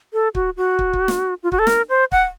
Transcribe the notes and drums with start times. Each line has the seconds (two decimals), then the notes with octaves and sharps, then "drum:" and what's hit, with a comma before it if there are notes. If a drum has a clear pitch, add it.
0.13 A4
0.35 F#4, drum: kick
0.57 F#4
0.79 drum: kick
0.93 drum: kick
1.08 drum: snare
1.43 F4
1.52 F#4, drum: kick
1.59 A4
1.67 A#4, drum: snare
1.89 C5
2.12 F#5, drum: kick